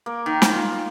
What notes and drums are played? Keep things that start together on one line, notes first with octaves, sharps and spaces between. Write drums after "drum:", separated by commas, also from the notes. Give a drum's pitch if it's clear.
A#3
D#3
drum: snare
F4